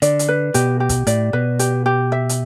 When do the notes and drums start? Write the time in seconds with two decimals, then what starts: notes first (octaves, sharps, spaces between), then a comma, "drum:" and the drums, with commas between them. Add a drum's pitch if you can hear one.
0.02 D3 D5, drum: hi-hat
0.19 drum: hi-hat
0.28 B4
0.54 B2 G4, drum: hi-hat
0.80 G4
0.89 drum: kick, hi-hat
1.07 A2 D5, drum: hi-hat
1.33 B2 B4
1.59 G4, drum: hi-hat
1.86 G4
2.12 E5
2.29 drum: hi-hat